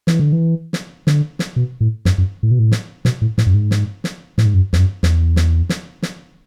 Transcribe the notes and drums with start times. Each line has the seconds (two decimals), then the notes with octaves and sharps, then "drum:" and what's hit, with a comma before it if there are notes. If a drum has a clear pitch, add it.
0.07 E3, drum: snare
0.19 D3
0.32 E3
0.73 drum: snare
1.07 D3, drum: snare
1.39 drum: snare
1.56 B2
1.80 A2
2.05 F#2, drum: snare
2.18 F#2
2.43 A2
2.51 B2
2.59 A2
2.72 drum: snare
3.05 B2, drum: snare
3.22 A2
3.38 A2, drum: snare
3.46 F#2
3.54 G#2
3.71 drum: snare
4.04 drum: snare
4.38 A2, drum: snare
4.46 G#2
4.54 F#2
4.73 E2, drum: snare
4.78 F#2
5.03 E2, drum: snare
5.36 drum: snare
5.69 drum: snare
6.02 drum: snare